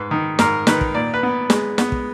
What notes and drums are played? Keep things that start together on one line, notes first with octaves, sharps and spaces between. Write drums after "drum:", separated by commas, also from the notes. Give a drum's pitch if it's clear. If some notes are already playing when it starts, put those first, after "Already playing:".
Already playing: G#2 B4
D#3
G#2 A#4, drum: snare
D#3 B4, drum: snare
drum: kick
A#2 D5
B4
B3
G#3, drum: snare
B3, drum: snare
drum: kick